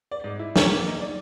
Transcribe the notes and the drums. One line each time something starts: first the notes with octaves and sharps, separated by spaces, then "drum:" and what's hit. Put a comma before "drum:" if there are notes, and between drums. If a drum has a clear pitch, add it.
D5
G#2
E4
E1, drum: snare
A#3
D#4
D5